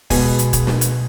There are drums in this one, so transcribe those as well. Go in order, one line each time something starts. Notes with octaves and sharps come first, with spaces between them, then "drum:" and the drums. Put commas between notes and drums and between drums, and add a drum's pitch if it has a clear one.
B2 G#3 B3 G#5, drum: kick, open hi-hat
drum: hi-hat
drum: kick, hi-hat
drum: snare
drum: hi-hat